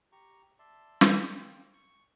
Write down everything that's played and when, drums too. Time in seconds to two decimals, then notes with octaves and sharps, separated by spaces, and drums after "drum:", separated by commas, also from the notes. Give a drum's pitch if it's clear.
0.12 G4 A#5 C#6
0.59 D5 E5 A5 C6
1.01 drum: snare
1.12 E5
1.30 C4 F4 C5
1.73 C#6